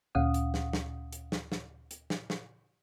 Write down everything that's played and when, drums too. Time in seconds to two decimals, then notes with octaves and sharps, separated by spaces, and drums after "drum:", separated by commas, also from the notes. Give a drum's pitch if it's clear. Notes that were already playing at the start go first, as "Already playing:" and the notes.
0.15 D2 A#2 C#4 F5 F#5 D#6
0.34 drum: hi-hat
0.54 drum: snare
0.73 drum: snare
1.13 drum: hi-hat
1.32 drum: snare
1.52 drum: snare
1.91 drum: hi-hat
2.10 drum: snare
2.30 drum: snare